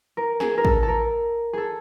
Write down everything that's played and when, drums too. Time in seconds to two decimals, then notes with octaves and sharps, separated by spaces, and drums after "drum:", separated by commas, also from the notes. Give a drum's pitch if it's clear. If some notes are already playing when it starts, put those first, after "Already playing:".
0.17 A#4
0.40 G#4, drum: snare
0.58 A#4
0.65 A4, drum: kick A1
0.83 A4
0.88 A#4
1.53 G#4 A4